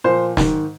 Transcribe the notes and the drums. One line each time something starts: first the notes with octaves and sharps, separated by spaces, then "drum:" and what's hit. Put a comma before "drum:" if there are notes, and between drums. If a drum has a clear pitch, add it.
A#2 F3 C5
G#2 D#3, drum: snare